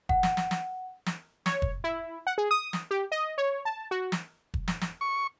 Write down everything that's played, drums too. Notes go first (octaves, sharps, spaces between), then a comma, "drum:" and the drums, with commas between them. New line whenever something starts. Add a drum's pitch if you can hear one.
F#5, drum: kick
drum: snare
drum: snare
drum: snare
drum: snare
C#5, drum: snare
drum: kick
E4
F#5
G#4
D#6
drum: snare
G4
D#5
C#5
A5
F#4
drum: snare
drum: kick
drum: snare
drum: snare
C#6